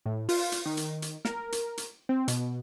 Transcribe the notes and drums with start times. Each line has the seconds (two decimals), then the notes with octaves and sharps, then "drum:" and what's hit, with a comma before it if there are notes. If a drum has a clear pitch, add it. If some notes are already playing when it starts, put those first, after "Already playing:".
0.06 A2
0.29 F4, drum: open hi-hat
0.52 drum: hi-hat
0.66 D#3
0.77 drum: hi-hat
1.02 drum: hi-hat
1.25 A#4, drum: snare
1.52 drum: hi-hat
1.77 drum: hi-hat
2.09 C4
2.28 B2, drum: hi-hat